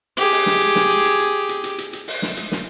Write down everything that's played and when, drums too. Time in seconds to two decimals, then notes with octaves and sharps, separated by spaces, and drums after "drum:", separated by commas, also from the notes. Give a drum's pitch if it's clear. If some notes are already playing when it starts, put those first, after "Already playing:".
0.17 G4 G#4, drum: hi-hat
0.32 drum: open hi-hat
0.46 drum: snare
0.61 drum: hi-hat
0.76 drum: snare
0.90 drum: hi-hat
1.05 drum: hi-hat
1.20 drum: hi-hat
1.49 drum: hi-hat
1.64 drum: hi-hat
1.78 drum: hi-hat
1.93 drum: hi-hat
2.08 drum: open hi-hat
2.22 drum: snare
2.37 drum: hi-hat
2.52 drum: snare